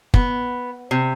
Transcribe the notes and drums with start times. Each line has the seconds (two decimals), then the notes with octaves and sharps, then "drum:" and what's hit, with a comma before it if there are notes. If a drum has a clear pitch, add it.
0.14 B3, drum: kick
0.91 C3